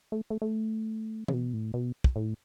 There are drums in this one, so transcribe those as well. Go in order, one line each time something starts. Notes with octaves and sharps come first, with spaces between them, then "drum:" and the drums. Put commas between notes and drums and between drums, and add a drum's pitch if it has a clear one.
A3
A3
A3
C#3, drum: tom E3
B2
A2
B2
drum: kick
A2